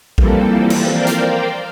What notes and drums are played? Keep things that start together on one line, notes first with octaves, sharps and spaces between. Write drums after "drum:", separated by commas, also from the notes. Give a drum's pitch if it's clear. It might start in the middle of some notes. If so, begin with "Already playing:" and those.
E3 F3 G3 A#3 C4 A4, drum: kick A#1
drum: cymbal
A#4 C5 D5 F5 G5
drum: hi-hat